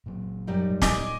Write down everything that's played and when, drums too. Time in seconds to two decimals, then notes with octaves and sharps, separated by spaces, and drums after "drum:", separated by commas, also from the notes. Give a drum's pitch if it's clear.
0.06 A#2 F#3
0.47 F#2 G3 D#4
0.70 A#2
0.82 D#5 G#5 D6, drum: snare